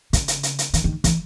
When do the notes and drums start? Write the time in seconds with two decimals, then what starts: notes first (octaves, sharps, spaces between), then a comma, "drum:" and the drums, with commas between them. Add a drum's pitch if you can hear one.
0.13 C#3, drum: kick, hi-hat
0.28 drum: hi-hat
0.43 drum: hi-hat
0.59 drum: hi-hat
0.73 D#3, drum: hi-hat
0.84 D#3
1.04 E3, drum: kick, hi-hat